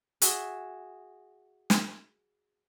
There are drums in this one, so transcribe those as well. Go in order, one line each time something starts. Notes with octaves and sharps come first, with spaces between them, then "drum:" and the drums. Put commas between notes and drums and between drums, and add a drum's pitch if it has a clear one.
F#4 G#4 E5, drum: hi-hat
drum: snare